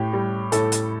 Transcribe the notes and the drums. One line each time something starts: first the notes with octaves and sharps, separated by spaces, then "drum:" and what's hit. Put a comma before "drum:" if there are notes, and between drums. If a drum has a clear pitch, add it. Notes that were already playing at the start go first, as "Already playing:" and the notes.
Already playing: A2 G4
G3
A2 A4, drum: hi-hat
drum: hi-hat